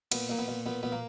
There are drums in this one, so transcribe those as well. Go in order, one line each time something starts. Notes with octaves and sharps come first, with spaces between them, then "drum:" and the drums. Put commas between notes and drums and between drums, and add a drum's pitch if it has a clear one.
A#2 B3, drum: cymbal
A#2 A#3
B3
A#2
A#2 B3
A#2 B3
A#3